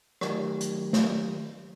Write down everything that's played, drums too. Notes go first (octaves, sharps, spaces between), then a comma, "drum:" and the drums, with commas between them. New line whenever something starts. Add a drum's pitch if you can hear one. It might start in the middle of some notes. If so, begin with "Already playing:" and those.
D#3 F#3 A3 G4 A#4, drum: rim click
drum: hi-hat
drum: snare